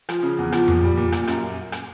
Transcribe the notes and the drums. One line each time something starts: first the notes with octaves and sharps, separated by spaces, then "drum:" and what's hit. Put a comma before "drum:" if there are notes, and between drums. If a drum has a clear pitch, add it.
F3, drum: rim click
C#3
E2
F3, drum: rim click
A#2, drum: tom F2
G3
A#2
A#2, drum: rim click
F#2, drum: rim click
drum: rim click